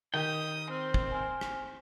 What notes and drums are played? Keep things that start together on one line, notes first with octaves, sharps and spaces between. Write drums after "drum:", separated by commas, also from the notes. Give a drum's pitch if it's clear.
D#3 G4 G5 D#6
C4 F6
drum: kick
G#5 F6
drum: rim click